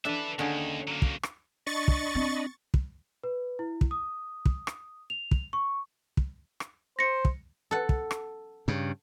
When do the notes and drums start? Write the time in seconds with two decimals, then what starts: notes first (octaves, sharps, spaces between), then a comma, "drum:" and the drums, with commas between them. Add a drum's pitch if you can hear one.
0.05 D4 A4 B4 E5
0.39 D#2 D3 C#4 G#4
0.87 F#3 A#3
1.02 drum: kick
1.23 drum: rim click
1.67 D4 D#5 B5 C#6 A6
1.88 drum: kick
2.15 C4
2.74 drum: kick
3.24 B4
3.59 E4
3.81 drum: kick
3.91 D#6
4.46 drum: kick
4.67 drum: rim click
5.10 F7
5.31 drum: kick
5.53 C#6
6.17 drum: kick
6.60 drum: rim click
6.99 C5 A#6 C#7
7.25 drum: kick
7.71 A4 F#5
7.89 drum: kick
8.11 drum: rim click
8.68 G2 C#3